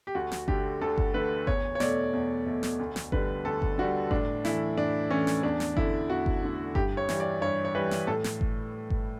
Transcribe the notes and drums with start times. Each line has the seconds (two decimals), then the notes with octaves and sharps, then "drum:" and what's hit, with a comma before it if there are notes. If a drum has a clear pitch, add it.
0.07 G4
0.15 D2 F#4
0.32 drum: snare
0.48 D3 A3 G4, drum: kick G1
0.81 D2 A4
0.98 drum: kick G1
1.14 D3 A3 B4
1.47 E2 C#5, drum: kick G1
1.75 C#5
1.80 B2 A3 D5, drum: snare
2.13 E2
2.46 B2 A3
2.63 drum: snare
2.79 D2
2.96 drum: snare
3.12 D3 G3 B4, drum: kick G1
3.45 D2 A4
3.62 drum: kick G1
3.78 D3 G3 F#4
4.11 A2 D4, drum: kick G1
4.45 E3 A3 E4, drum: snare
4.77 A2 D4
5.10 E3 A3 C#4
5.27 drum: snare
5.43 E2 D4
5.60 drum: snare
5.77 D3 A3 E4, drum: kick G1
6.09 E2 F#4
6.26 drum: kick G1
6.43 D3 A3
6.75 G2 G4, drum: kick G1
6.97 C#5
7.09 E3 G3, drum: snare
7.20 D5
7.42 G2 C#5
7.65 C#5
7.75 E3 G3 B4
7.91 drum: snare
8.07 A2 A4
8.24 drum: snare
8.41 drum: kick G1
8.90 drum: kick G1